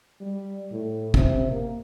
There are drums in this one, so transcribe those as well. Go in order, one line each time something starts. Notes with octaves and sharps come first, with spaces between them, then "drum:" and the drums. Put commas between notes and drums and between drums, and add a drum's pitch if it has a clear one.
G3
A2
C3, drum: kick
A#3